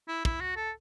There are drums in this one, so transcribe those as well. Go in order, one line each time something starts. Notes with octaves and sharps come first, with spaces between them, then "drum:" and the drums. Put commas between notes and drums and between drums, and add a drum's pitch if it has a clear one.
E4
E4, drum: kick
F#4
A4